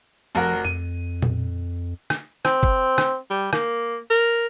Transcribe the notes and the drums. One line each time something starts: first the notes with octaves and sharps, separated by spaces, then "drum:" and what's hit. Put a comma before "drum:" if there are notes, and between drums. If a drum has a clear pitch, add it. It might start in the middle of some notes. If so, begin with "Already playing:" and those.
F1 F3 F#4 A#4
F2 D#7
drum: tom A#2
drum: rim click
C4, drum: rim click
drum: kick
drum: rim click
G3
A#3, drum: rim click
A#4